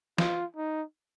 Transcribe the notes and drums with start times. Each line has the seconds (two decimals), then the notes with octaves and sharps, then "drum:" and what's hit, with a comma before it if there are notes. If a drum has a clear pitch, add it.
0.18 F4, drum: snare
0.56 D#4